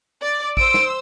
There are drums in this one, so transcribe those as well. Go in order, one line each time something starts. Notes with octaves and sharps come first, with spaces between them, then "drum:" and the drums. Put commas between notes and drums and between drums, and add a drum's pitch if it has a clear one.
D5
C5 E6 D7, drum: kick A1
drum: snare